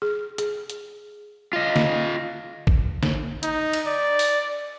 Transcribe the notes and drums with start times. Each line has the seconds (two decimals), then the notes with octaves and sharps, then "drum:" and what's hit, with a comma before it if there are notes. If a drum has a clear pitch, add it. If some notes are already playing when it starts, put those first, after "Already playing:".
0.02 G#4
0.38 G#4, drum: hi-hat
0.70 drum: hi-hat
1.53 F4 D#5
1.76 drum: snare
2.67 drum: kick
3.03 drum: snare
3.43 D#4, drum: hi-hat
3.73 drum: cymbal
3.86 D5
4.19 drum: open hi-hat